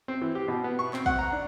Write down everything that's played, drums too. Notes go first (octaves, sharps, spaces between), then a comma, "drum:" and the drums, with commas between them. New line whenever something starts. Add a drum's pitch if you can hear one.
C4
E3
G4
B2
B3
C#6
C4, drum: clap
F#5, drum: kick
A#5
D4